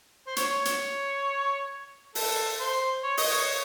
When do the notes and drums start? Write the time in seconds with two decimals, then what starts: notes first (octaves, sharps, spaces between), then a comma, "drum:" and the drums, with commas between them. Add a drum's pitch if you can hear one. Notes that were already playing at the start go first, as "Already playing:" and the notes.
0.27 C5
0.36 C#5, drum: hi-hat
0.65 drum: hi-hat
2.15 A4, drum: open hi-hat
2.59 C5
3.03 C#5
3.17 D#5, drum: open hi-hat
3.32 C#5